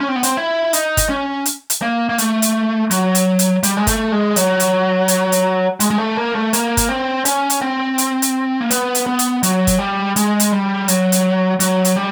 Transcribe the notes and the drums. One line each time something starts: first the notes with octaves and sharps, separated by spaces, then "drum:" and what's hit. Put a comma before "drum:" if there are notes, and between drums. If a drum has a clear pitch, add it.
C#4
C4
B3
C4, drum: hi-hat
E4
D#4, drum: hi-hat
drum: kick G1, hi-hat
C#4
drum: hi-hat
drum: hi-hat
A#3
A#3
A3, drum: hi-hat
drum: hi-hat
F#3, drum: hi-hat
drum: hi-hat
drum: hi-hat
G3, drum: hi-hat
G#3
A3, drum: kick G1, hi-hat
G#3
F#3, drum: hi-hat
drum: hi-hat
drum: hi-hat
drum: hi-hat
G#3, drum: hi-hat
G#3
A3
A#3
A3
A#3, drum: hi-hat
drum: kick G1, hi-hat
C4
C#4, drum: hi-hat
drum: hi-hat
C4
drum: hi-hat
drum: hi-hat
A#3
B3, drum: hi-hat
drum: hi-hat
B3
drum: hi-hat
F#3, drum: hi-hat
drum: kick G1, hi-hat
G3
G#3, drum: hi-hat
drum: hi-hat
G3
F#3, drum: hi-hat
drum: hi-hat
F#3, drum: hi-hat
drum: hi-hat
G3